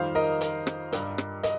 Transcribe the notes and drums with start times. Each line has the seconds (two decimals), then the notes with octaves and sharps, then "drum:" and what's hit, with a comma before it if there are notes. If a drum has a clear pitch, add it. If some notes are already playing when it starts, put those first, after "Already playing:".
Already playing: F2 D#3 G3 C5 F5
0.15 A#4 D#5
0.41 drum: hi-hat
0.67 drum: rim click
0.92 G2 G3, drum: hi-hat
1.18 drum: rim click
1.43 D#5, drum: hi-hat